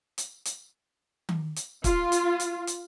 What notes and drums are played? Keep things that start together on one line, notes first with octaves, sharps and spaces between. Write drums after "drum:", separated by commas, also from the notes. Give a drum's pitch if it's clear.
drum: hi-hat
drum: hi-hat
drum: tom D#3
drum: hi-hat
F4, drum: kick, hi-hat
drum: hi-hat
drum: hi-hat
drum: hi-hat